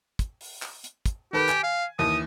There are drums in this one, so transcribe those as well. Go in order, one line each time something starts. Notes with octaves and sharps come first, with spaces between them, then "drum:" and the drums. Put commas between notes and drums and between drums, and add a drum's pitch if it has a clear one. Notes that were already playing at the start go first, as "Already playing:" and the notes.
drum: kick, hi-hat
drum: open hi-hat
drum: clap
drum: hi-hat
drum: kick, hi-hat
D#3 G4 A4 B4
G#5, drum: clap
F5
D#2 D#3 E3 D#6